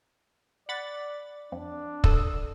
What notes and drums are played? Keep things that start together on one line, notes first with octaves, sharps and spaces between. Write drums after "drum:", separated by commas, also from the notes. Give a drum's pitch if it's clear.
D5 F#5 B5 A6
F2 D4
A4 D#6 E6, drum: kick